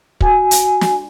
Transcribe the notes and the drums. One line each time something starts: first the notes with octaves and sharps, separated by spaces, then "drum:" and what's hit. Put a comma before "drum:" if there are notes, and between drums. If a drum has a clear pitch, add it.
F#4 G#5, drum: kick
drum: hi-hat
drum: snare